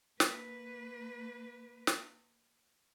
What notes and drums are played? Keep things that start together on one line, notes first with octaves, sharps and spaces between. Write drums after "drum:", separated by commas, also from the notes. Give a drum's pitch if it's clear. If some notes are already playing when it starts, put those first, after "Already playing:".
A#3 B4, drum: snare
drum: snare